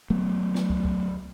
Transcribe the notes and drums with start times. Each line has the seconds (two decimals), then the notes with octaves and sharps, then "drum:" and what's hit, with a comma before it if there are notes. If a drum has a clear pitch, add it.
0.10 F#3 A3 B3
0.55 drum: snare
0.70 drum: kick
0.85 drum: kick